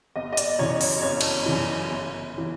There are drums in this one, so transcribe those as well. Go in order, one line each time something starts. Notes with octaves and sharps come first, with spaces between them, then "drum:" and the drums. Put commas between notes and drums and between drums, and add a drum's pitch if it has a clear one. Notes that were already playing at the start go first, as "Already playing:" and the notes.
G1 D#5
D#5
D5, drum: hi-hat
F#2 C#3 E3 C#5
C#5, drum: open hi-hat
G1 C#5
drum: cymbal
F#2 C#3 E3
G1
E3